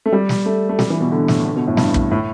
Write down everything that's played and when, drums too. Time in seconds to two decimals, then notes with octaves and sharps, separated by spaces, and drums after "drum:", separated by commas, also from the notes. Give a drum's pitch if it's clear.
0.06 A3
0.12 G3
0.29 drum: snare
0.46 A3
0.69 A3
0.79 G3, drum: snare
0.90 E3
1.00 B2
1.12 D3
1.28 A2, drum: snare
1.45 D3
1.56 B2
1.67 A2
1.77 G2, drum: snare
1.94 drum: kick
2.11 A2